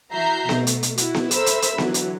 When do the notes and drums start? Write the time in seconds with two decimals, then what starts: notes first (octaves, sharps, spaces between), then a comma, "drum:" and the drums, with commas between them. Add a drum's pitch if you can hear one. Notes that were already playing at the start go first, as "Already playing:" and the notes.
0.12 E3 F#4 E5 A#5 G6 C7
0.49 B2 A3, drum: snare B3
0.67 drum: hi-hat
0.83 drum: hi-hat
0.98 E4 F#4, drum: hi-hat
1.14 drum: snare B3
1.31 A4 A#4 C5 E5 B5 E6, drum: hi-hat
1.46 drum: hi-hat
1.62 drum: hi-hat
1.78 D3 E3 F#3, drum: snare B3
1.94 drum: hi-hat